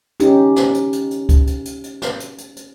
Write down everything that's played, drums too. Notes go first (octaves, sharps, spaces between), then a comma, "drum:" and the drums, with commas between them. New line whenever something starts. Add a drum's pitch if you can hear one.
C#4 D#4 G4, drum: hi-hat
drum: snare
drum: hi-hat
drum: hi-hat
drum: hi-hat
drum: kick C#2, hi-hat
drum: hi-hat
drum: hi-hat
drum: hi-hat
drum: snare
drum: hi-hat
drum: hi-hat
drum: hi-hat